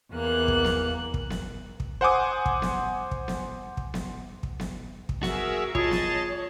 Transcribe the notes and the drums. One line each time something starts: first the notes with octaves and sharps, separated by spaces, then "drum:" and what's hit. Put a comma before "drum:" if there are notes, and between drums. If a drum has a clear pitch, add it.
E2 A#3 F#6
drum: kick
drum: snare B3
drum: kick
drum: snare B3
drum: kick
C5 F#5 G#5 D6 D#6
drum: kick
drum: snare B3
drum: kick
drum: snare B3
drum: kick
drum: snare B3
drum: kick
drum: snare B3
drum: kick
F#4 G#4 A#4 E5, drum: snare B3
F4 G#4 C#5 D#5 A5, drum: kick
drum: snare B3